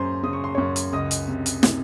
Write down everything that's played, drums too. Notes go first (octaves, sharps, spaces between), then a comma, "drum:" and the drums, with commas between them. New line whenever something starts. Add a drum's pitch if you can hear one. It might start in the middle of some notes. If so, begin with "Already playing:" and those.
Already playing: F#2 C#3 C5 A#5 C6
C#3 D#6
C#6
C6
F#2 C#5 C#6
drum: hi-hat
C#2 D#5 D#6
drum: hi-hat
C3
drum: hi-hat
C3, drum: snare